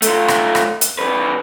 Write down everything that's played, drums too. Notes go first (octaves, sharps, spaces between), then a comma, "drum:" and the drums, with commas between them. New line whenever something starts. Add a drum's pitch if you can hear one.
A3 F4, drum: hi-hat
drum: rim click
drum: rim click
drum: hi-hat
F2 B4